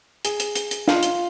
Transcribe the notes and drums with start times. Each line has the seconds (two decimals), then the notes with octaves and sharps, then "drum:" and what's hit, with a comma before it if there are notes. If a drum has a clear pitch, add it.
0.25 G#4, drum: hi-hat
0.40 drum: hi-hat
0.55 drum: hi-hat
0.71 drum: hi-hat
0.88 F4, drum: snare
1.03 drum: hi-hat